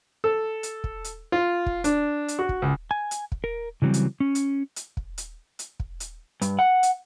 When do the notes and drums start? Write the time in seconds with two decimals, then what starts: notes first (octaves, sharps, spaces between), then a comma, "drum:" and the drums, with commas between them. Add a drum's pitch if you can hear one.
0.24 A4
0.63 drum: hi-hat
0.84 drum: kick
1.04 drum: hi-hat
1.32 F4
1.66 drum: kick
1.84 D4, drum: hi-hat
2.28 drum: hi-hat
2.39 F#4
2.49 drum: kick
2.62 C#2
2.91 G#5
3.11 drum: hi-hat
3.32 drum: kick
3.44 A#4
3.82 C#3 E3 F#3 G3 C4
3.94 drum: hi-hat
4.20 C#4
4.35 drum: hi-hat
4.76 drum: hi-hat
4.97 drum: kick
5.18 drum: hi-hat
5.59 drum: hi-hat
5.80 drum: kick
6.00 drum: hi-hat
6.42 G2, drum: hi-hat
6.59 F#5
6.83 drum: hi-hat